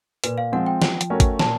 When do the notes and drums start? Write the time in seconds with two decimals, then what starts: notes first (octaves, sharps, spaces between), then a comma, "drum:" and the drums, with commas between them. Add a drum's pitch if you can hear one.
0.24 A#2 B4, drum: hi-hat
0.38 F5
0.52 F3 G#3 C4 F4 F#5
0.66 G5
0.82 F3, drum: snare
1.01 drum: hi-hat
1.10 A3 C#4 F#4 A#4
1.20 drum: kick, hi-hat
1.39 A#2 A5, drum: snare